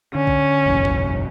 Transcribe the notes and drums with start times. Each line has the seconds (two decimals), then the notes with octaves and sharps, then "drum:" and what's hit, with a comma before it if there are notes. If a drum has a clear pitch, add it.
0.15 D3 C#4
0.27 drum: kick
0.66 F#1 B1 E2
0.85 drum: kick